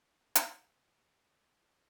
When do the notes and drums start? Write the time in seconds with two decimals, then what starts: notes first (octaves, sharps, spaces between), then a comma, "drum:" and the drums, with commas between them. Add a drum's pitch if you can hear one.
0.16 A#3 E4 G4
0.35 drum: hi-hat
0.52 G4 B4 D5 G5
0.90 G4 B4 D5 G5
1.27 G4 B4 D5 G5
1.64 G4 B4 D5 G5